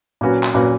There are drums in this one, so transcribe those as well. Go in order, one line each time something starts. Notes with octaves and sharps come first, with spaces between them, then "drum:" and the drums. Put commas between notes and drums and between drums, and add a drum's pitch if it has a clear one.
A#2 F#3 C#4 F#4 B4
drum: clap
A#2 F#3 C#4 F#4 B4